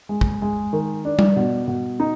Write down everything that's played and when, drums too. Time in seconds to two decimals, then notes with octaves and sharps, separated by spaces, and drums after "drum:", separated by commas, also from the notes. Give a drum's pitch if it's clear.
0.09 G#3
0.21 drum: kick
0.42 G#3
0.73 D#3
1.05 D4
1.19 drum: tom G3
1.36 B2
1.68 B2
2.00 D#4